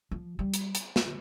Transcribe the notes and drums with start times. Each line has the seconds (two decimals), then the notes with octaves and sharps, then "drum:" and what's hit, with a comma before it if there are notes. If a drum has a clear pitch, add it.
0.11 F3
0.39 G3
0.54 drum: hi-hat
0.75 drum: hi-hat
0.96 drum: snare